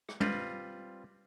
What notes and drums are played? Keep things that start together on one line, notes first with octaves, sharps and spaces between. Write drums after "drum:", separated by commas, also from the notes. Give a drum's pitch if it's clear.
drum: rim click
G3 C4 F4 B4, drum: tom